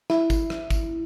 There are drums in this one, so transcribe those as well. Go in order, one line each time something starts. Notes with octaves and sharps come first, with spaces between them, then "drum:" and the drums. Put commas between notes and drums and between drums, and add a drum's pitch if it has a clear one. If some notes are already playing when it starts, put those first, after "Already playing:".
E4, drum: rim click
drum: kick G#1, tambourine
drum: rim click
drum: kick G#1, tambourine